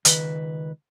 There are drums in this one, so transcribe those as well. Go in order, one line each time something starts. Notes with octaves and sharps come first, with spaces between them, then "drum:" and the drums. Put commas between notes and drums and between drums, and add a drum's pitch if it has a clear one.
C#2 D#3 B4, drum: hi-hat